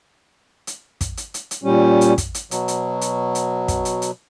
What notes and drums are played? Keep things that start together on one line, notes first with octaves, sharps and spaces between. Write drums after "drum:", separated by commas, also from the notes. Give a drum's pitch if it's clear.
drum: hi-hat
drum: kick, hi-hat
drum: hi-hat
drum: hi-hat
drum: hi-hat
A#2 G3 C#4
drum: hi-hat
drum: kick, hi-hat
drum: hi-hat
B2 F#3, drum: hi-hat
drum: hi-hat
drum: hi-hat
drum: hi-hat
drum: kick, hi-hat
drum: hi-hat
drum: hi-hat